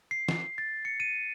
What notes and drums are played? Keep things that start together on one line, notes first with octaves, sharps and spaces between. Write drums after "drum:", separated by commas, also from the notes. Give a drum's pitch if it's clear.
C7
drum: snare
A6
C#7
D#7